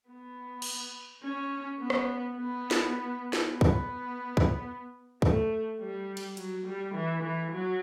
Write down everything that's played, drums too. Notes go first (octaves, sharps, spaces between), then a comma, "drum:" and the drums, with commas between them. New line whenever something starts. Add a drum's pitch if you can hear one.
B3
drum: cymbal
C#4
B3
drum: rim click
B3
drum: snare
drum: snare
B3
drum: kick
drum: kick
A3, drum: kick
G3
drum: cymbal
F#3, drum: hi-hat
G3
E3
E3
F#3